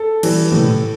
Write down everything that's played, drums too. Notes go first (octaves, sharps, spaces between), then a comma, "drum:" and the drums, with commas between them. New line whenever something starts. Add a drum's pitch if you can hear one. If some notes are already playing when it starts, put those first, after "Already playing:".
Already playing: A4
E3 G3, drum: cymbal
A2, drum: tom